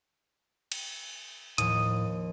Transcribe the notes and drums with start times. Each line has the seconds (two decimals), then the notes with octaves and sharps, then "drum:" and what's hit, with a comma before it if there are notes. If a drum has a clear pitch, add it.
0.72 drum: cymbal
1.58 D#2 A2 F3 D#6, drum: hi-hat